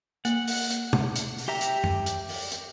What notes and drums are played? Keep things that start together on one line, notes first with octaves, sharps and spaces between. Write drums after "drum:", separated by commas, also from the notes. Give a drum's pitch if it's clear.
A#3 F#5, drum: hi-hat
drum: open hi-hat
drum: hi-hat
drum: tom
drum: hi-hat
drum: open hi-hat
G4 E5 G5 A#5
drum: hi-hat
drum: tom F#2
drum: hi-hat
drum: open hi-hat
drum: hi-hat